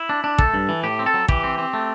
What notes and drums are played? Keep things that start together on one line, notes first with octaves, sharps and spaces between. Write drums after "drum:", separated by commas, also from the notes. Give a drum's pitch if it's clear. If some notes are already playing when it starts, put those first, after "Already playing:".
Already playing: E4
D4
D4
A3 A4, drum: kick
G2
E3
A2 G4
C4
A4
F#3
E3 G4, drum: kick
C4
C4
A3